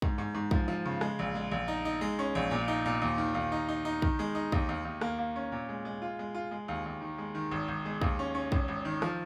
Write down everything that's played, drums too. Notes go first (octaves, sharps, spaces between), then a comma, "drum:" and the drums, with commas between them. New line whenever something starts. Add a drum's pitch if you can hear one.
G#2, drum: kick
G#2
G#2
F3, drum: kick
F3
C#3
G#3, drum: rim click
A#1
G#3
A#1
D#4
D#4
G#3
C#4
A#1
A#2
D#4
A#2
D#2
D#3
D#2
D#4
D#4
D#4
D#3, drum: kick
G#3
D#4
D#2, drum: kick
D#2
D#2
A#3, drum: rim click
A#3
C#4
A#2
G#3
G#3
F4
G#3
F4
G#3
D#2
D#2
D#3
G#3
D#3
G#1
G#1
G#3
D#2, drum: kick
C#4
C#4
G#1, drum: kick
G#1
D#3
F3, drum: rim click